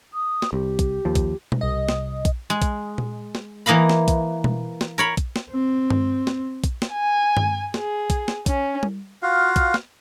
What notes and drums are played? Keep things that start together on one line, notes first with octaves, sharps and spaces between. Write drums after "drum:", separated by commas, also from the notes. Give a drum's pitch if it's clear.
D#6
drum: snare
C2 G4
drum: kick, hi-hat
D#2 F3
drum: kick, hi-hat
drum: tom B2
C2 D#5
drum: snare
drum: kick, hi-hat
G#3
drum: kick, hi-hat
drum: tom A#2
drum: snare
E3 A#3 D#5 F5 B5
drum: snare
drum: kick, hi-hat
drum: tom B2
drum: snare
A#4 C#5 B5
drum: kick, hi-hat
drum: snare
C4
drum: tom G2
drum: snare
drum: kick, hi-hat
drum: snare
G#5
drum: tom G2
G#4, drum: snare
drum: kick, hi-hat
drum: snare
C#4, drum: kick, hi-hat
drum: tom G3
F4 F#4 F5
drum: kick, hi-hat
drum: snare